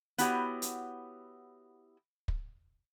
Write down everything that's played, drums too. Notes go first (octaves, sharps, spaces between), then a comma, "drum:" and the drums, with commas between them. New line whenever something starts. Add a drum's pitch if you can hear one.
B3 E4 F#4 G4 C#5 F#5, drum: hi-hat
drum: hi-hat
drum: kick